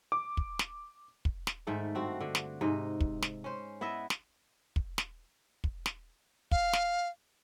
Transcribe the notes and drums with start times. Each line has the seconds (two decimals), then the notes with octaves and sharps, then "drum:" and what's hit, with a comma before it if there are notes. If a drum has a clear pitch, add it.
0.12 D6
0.37 drum: kick
0.59 drum: snare
1.25 drum: kick
1.47 drum: snare
1.67 G#2 D#3 A3 E5
1.95 G2 C4 F#4
2.20 D3
2.35 drum: snare
2.61 G#2 C3 D#4
3.01 drum: kick
3.22 drum: snare
3.44 C#4 C5
3.81 B3 E4 D#5 E5
4.10 drum: snare
4.76 drum: kick
4.98 drum: snare
5.64 drum: kick
5.86 drum: snare
6.51 F5, drum: kick
6.73 drum: snare